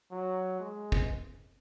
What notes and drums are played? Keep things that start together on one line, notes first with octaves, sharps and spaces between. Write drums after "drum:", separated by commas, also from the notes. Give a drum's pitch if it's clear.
F#3
G#3
drum: kick